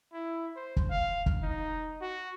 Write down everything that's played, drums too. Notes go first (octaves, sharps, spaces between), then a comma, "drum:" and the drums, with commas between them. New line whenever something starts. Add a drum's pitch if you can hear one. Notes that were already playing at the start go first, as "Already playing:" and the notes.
E4
C5
drum: kick
F5
drum: kick
D#4
F#4